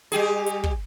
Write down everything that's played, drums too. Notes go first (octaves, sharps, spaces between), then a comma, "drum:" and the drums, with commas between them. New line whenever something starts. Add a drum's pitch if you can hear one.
G3 G4 G#4, drum: hi-hat
drum: hi-hat
drum: kick